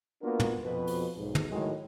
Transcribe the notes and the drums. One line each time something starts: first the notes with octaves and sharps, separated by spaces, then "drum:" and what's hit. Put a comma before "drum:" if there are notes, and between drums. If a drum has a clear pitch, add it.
A#3 B3 D4 F4 F#4 A#4
drum: tom
F2 B2 B4
drum: open hi-hat
B1 G#2
drum: tom
A2 D#3 F#3 G#3